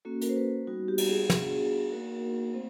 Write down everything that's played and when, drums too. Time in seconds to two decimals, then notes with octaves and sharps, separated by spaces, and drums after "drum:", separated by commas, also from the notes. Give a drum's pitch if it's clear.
0.05 A#3 C#4 F#4 A4
0.21 A#4, drum: hi-hat
0.29 C5
0.36 B4
0.67 G3 B3 D#4 F#4
0.88 G4
0.98 drum: cymbal
1.09 G#4
1.30 B3 D4 F#4 G#4, drum: snare
1.92 A#3 D#4 F#4 A#4
2.54 A3 C4 C5